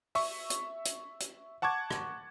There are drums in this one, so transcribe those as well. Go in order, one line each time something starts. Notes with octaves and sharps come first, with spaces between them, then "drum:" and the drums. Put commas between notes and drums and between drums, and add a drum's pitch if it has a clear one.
E5 C#6, drum: open hi-hat
drum: hi-hat
drum: hi-hat
drum: hi-hat
F#5 A5 C#6 D6 G#6
drum: rim click